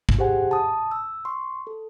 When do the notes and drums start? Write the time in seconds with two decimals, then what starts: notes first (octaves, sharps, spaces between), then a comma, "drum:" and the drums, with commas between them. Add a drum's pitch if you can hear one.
0.09 drum: kick
0.19 G4 G#4 C5 F#5 G#5
0.51 A5 D#6
0.91 E6
1.25 C6 C#6
1.67 A4